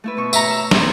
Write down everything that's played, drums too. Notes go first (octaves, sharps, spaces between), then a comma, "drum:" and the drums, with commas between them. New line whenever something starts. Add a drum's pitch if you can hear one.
A3 E4 B4
B2 C#6
E5 A#5, drum: tambourine
C#5 E6
B3 C4, drum: snare